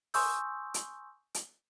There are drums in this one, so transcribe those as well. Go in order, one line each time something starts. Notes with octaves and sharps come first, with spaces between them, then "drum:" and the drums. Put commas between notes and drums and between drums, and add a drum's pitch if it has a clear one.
G#5 C6 C#6 D#6 E6 G6, drum: open hi-hat
drum: hi-hat
drum: hi-hat